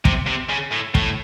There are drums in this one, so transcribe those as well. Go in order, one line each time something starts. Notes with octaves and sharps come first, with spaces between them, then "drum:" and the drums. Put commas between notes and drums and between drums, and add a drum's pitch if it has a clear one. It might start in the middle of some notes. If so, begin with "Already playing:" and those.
C3, drum: kick
C3
C#3
A2
A2, drum: kick